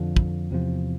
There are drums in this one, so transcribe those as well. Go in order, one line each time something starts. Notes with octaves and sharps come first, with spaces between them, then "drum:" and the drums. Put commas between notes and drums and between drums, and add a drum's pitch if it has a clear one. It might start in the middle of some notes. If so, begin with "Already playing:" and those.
Already playing: F2 D3 F3
drum: kick
E2 C3 F3